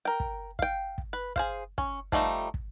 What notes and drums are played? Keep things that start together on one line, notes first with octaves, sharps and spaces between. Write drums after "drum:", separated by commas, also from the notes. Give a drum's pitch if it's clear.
A#4 G5
drum: kick
F5 G5, drum: kick
drum: kick
B4
G#4 C5 F5, drum: kick
C#4, drum: kick
F3 G3 A3 D#4, drum: kick
drum: kick